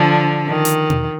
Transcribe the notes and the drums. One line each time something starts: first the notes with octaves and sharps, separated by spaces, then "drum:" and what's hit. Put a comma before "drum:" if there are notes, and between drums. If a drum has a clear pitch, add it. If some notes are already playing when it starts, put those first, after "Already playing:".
Already playing: D3 F3
D#3
drum: hi-hat
drum: tom B2